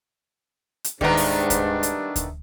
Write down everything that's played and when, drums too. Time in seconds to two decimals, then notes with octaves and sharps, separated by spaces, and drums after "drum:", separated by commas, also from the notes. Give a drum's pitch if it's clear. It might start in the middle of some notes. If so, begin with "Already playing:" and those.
0.84 drum: hi-hat
1.01 G#2 D#3 G3 A3 B3 D4 A#5, drum: kick D2
1.17 drum: open hi-hat
1.50 drum: kick D2, hi-hat
1.83 drum: hi-hat
2.16 drum: kick D2, hi-hat